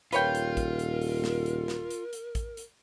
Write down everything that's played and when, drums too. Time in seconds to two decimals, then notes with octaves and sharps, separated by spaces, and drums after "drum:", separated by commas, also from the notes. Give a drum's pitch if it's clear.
0.12 D#1 F4 A#4 B4 C#5 G5, drum: hi-hat
0.35 drum: hi-hat
0.57 drum: kick, hi-hat
0.79 drum: hi-hat
1.01 drum: open hi-hat
1.24 drum: snare
1.46 drum: hi-hat
1.68 drum: snare
1.90 drum: hi-hat
2.13 drum: hi-hat
2.35 drum: kick, hi-hat
2.57 drum: hi-hat